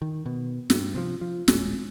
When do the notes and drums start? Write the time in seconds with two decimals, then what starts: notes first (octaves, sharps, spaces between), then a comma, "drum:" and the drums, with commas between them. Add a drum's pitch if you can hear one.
0.02 D#3
0.26 B2
0.70 G2, drum: snare
0.95 C3 F3
1.21 F3
1.48 D#1 A1 G#3 C#4, drum: snare